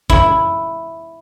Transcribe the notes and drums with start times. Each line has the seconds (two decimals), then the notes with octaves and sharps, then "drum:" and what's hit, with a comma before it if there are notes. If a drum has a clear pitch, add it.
0.10 E4, drum: kick